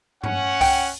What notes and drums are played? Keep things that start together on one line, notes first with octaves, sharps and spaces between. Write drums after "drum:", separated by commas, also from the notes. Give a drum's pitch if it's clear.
C#4 F#5, drum: tom G2
G5, drum: kick C2, open hi-hat